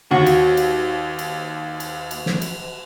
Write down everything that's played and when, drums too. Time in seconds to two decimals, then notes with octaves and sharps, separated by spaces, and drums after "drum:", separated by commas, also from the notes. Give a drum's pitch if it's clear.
0.11 D#2 F#4
0.26 drum: cymbal
0.57 drum: cymbal
1.19 drum: cymbal
1.80 drum: cymbal
2.11 drum: cymbal
2.26 drum: snare
2.42 drum: cymbal